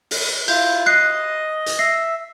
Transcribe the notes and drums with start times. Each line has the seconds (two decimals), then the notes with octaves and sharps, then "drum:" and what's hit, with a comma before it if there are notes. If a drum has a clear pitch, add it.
0.11 drum: open hi-hat
0.48 E4 F4 G6, drum: cymbal
0.86 D#5 F#6 C7
1.66 drum: hi-hat
1.79 E5 A#6 C7